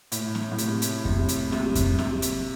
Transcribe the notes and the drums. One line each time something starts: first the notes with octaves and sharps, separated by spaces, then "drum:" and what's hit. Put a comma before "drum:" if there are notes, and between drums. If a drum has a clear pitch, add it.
A2, drum: hi-hat
drum: snare C4
A2
C3, drum: hi-hat
drum: hi-hat
C3, drum: kick F2
drum: hi-hat
C3, drum: snare C4
drum: kick F2, hi-hat
C3, drum: snare C4
drum: hi-hat